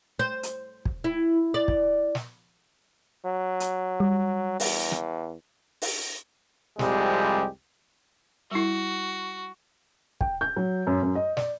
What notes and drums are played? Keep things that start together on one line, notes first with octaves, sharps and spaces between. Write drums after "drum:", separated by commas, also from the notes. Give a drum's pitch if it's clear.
C5
drum: hi-hat
drum: kick
E4
D5
drum: kick
drum: snare
F#3
drum: hi-hat
G3
E2, drum: open hi-hat
drum: rim click
drum: open hi-hat
C2 F2 G3 G#3 G4, drum: snare
G3 E4 F#4
G5, drum: kick
G6
F#3
F#2
F#2
D#5
D5, drum: snare